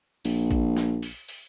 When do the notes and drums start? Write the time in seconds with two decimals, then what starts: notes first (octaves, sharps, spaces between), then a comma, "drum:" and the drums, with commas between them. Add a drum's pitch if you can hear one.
0.25 A#1, drum: open hi-hat
0.51 drum: kick, hi-hat
0.77 drum: snare
1.03 drum: open hi-hat
1.28 drum: open hi-hat